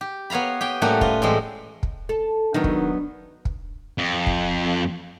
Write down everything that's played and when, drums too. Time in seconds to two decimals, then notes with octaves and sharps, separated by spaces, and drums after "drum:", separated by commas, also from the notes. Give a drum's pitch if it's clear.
0.01 G4
0.30 B3 C#5 F5 A#5 B5
0.61 G4 G5 G#5
0.82 A2 G3 A3 A#3 C#4 F#4
1.01 F4 B4 D#5, drum: kick
1.22 A2 E3 G3 G#3 C4
1.83 drum: kick
2.09 A4
2.54 D#3 F#3 B3 D4 D#4
2.64 drum: kick
3.45 drum: kick
3.98 F2
4.27 drum: kick